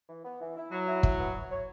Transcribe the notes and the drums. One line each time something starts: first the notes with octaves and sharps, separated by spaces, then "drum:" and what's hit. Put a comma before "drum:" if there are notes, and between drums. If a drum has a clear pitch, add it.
E3
B3
E3
E4
F#3 E4
E4
E4, drum: kick
B3
C#5
C#5